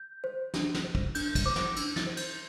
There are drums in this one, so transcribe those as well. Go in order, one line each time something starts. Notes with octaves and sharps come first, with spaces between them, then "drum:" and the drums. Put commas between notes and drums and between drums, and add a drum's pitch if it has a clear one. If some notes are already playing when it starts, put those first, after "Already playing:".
Already playing: G6
C5
D4, drum: snare
drum: snare
C5
drum: kick
D4 G6, drum: cymbal
drum: kick, cymbal
C5 D6
drum: snare
D4 E6, drum: cymbal
A6, drum: snare
C5
G6, drum: cymbal